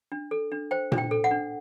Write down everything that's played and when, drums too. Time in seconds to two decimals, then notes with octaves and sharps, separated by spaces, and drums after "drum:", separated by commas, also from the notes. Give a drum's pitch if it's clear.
0.12 D4
0.31 A4
0.52 D4
0.71 C5 G5
0.92 D4, drum: tom A#2
0.98 G5
1.11 A4
1.24 F#5
1.31 D4